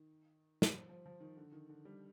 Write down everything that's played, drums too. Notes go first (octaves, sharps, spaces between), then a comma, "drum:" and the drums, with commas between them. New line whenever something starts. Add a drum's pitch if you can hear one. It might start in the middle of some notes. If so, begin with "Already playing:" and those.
Already playing: D#3
G3, drum: snare
F3
F3
F3
D#3
D3
D#3
D3
G3